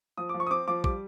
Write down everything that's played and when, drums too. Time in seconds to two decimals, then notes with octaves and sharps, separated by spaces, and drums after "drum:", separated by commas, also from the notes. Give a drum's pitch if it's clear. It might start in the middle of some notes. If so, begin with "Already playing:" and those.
0.17 F3 D#6
0.29 D6
0.34 F3
0.40 C#6
0.47 D#6
0.51 C4 D6
0.68 F3 D6
0.84 G3 D6, drum: kick